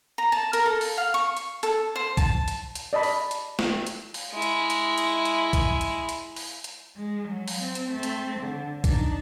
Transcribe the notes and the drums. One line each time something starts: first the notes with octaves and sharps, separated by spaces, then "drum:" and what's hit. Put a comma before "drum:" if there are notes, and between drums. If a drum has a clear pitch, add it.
A#5
A5
A#4, drum: hi-hat
A4
drum: open hi-hat
F5
C#6
drum: hi-hat
A4, drum: hi-hat
C5
A5, drum: kick B1, hi-hat
drum: hi-hat
drum: hi-hat
D5 D#5 A5 B5
drum: open hi-hat
drum: hi-hat
drum: snare
drum: hi-hat
drum: open hi-hat
G#3 E4
drum: hi-hat
drum: hi-hat
drum: hi-hat
drum: hi-hat
drum: kick B1, hi-hat
drum: hi-hat
drum: hi-hat
drum: open hi-hat
drum: hi-hat
G#3
F#3
drum: open hi-hat
C4
drum: hi-hat
A3 C4
drum: hi-hat
D3
D4 D#4, drum: kick B1, hi-hat